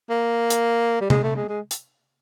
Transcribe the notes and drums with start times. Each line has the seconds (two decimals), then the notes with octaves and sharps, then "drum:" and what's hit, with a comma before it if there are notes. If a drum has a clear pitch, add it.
0.10 A#3
0.50 drum: hi-hat
1.01 G3
1.10 G#3, drum: tom C3
1.23 A3
1.36 G#3
1.48 G#3
1.71 drum: hi-hat